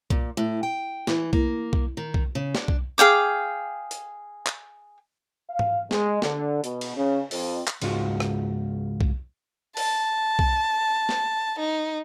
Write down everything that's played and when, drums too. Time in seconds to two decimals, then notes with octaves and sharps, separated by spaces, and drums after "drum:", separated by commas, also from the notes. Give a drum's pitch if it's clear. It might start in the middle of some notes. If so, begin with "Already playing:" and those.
0.10 A#2, drum: kick B1
0.37 A2
0.63 G5
1.07 E3, drum: snare
1.33 A#3, drum: kick B1
1.73 drum: kick B1
1.97 D#3
2.14 drum: kick B1
2.35 C#3
2.55 D4, drum: snare
2.68 drum: kick B1
2.98 G#4 F5 G5 D6
3.91 drum: hi-hat
4.47 drum: clap
5.50 F5
5.59 drum: tom G#2
5.91 G#3, drum: snare
6.22 D3, drum: snare
6.64 B2, drum: hi-hat
6.81 drum: cymbal
6.96 C#3
7.31 F2, drum: open hi-hat
7.67 drum: clap
7.82 C#2 G#2 G#3 F4 F#4, drum: cymbal
8.20 drum: rim click
9.01 drum: kick B1
9.77 A5, drum: open hi-hat
10.39 drum: kick B1
11.09 drum: snare
11.59 D#4